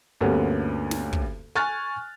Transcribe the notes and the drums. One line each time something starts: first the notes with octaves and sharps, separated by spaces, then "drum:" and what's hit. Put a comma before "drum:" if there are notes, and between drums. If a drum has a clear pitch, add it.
D2 G2 D3 A#3 B3 C#4
drum: snare
drum: kick
G#5 C#6 F6 F#6 A6